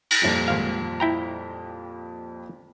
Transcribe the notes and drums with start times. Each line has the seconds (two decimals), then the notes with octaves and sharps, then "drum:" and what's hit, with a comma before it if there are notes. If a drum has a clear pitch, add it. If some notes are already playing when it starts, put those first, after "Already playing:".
0.10 drum: cymbal
0.22 F2 A#2 G3
0.48 G#1 F5
1.00 E4 G5 A#5